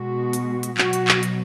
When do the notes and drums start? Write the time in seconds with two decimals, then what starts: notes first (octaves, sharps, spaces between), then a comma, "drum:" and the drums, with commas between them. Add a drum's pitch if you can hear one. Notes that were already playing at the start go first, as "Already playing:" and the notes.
Already playing: B2 G#3 F#4
0.33 drum: hi-hat
0.63 drum: hi-hat
0.78 B2 F#3 F#4, drum: clap
0.93 drum: hi-hat
1.08 drum: clap
1.23 drum: hi-hat